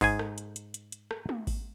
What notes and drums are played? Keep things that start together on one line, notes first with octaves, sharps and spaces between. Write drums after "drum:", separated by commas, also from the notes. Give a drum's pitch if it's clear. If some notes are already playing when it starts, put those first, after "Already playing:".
G#2 G#4 G#5, drum: kick G#1, open hi-hat
drum: rim click
drum: hi-hat
drum: hi-hat
drum: hi-hat
drum: hi-hat
drum: rim click
drum: tom
drum: kick G#1, open hi-hat